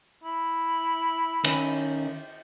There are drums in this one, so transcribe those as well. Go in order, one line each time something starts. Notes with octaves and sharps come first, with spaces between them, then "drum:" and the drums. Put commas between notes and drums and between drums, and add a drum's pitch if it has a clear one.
E4
D#3 C#4, drum: cymbal